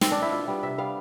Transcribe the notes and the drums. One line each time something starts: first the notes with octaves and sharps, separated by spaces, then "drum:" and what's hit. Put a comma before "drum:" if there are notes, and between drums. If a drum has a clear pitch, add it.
C4, drum: snare
D4
E4
B2 F4
G3 B3
C3 E5
G3 B3 F5